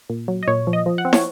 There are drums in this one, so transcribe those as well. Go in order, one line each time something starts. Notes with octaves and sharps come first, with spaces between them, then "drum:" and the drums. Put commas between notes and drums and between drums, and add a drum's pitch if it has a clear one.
A#2
F#3
D#5
A#2 C#5
F3
D#5
F3
F#5
C4
C#5, drum: snare